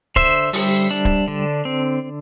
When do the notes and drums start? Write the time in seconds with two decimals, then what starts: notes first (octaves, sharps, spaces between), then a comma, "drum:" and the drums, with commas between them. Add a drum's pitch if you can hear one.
0.16 D3 C5 E5, drum: kick D1
0.53 G3, drum: open hi-hat
0.91 D4
1.05 drum: kick D1
1.28 D3
1.65 C4